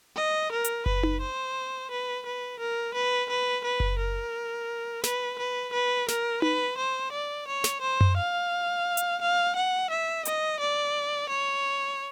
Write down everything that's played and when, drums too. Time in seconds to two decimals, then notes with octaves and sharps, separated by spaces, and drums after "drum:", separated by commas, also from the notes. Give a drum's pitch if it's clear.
0.16 D#5
0.52 A#4
0.64 drum: hi-hat
0.86 B4, drum: kick F#1
1.03 drum: tom D#4
1.21 C5
1.91 B4
2.25 B4
2.59 A#4
2.94 B4
3.30 B4
3.64 B4
3.80 drum: kick F#1
3.99 A#4
5.04 B4, drum: snare
5.38 B4
5.73 B4
6.08 A#4, drum: snare
6.42 B4, drum: tom D#4
6.77 C5
7.12 D5
7.47 C#5
7.64 drum: snare
7.81 C5
8.01 drum: tom F#2
8.17 F5
8.97 drum: hi-hat
9.22 F5
9.56 F#5
9.90 E5
10.25 D#5, drum: hi-hat
10.60 D5
11.29 C#5